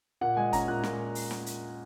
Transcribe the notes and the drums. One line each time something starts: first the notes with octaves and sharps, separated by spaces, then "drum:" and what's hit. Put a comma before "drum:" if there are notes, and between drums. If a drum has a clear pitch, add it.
A#2 F#5
G#3 G#5
C#4 A#5, drum: kick G1, hi-hat
A#2 F#6
A#2, drum: snare
drum: open hi-hat
drum: snare
drum: hi-hat